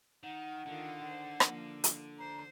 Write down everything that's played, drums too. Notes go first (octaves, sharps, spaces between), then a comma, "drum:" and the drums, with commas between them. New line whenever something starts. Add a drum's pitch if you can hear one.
D#3 F#5
D3 D#3 F4
C5
F3 A#3, drum: rim click
drum: hi-hat
C5 A#5